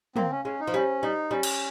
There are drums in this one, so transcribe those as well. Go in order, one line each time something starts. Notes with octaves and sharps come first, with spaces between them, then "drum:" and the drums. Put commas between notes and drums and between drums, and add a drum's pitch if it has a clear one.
A#3 C4, drum: tom
C#4
G#3 C#4
D#4
F3
G3 C#4
G3 D#4
G3 C#4
drum: cymbal